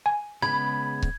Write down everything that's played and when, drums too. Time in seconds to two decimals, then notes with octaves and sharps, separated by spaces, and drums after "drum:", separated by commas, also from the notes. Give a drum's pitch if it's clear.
0.06 G#5
0.42 C#3 G#3 B3 B5 G#6
1.03 drum: kick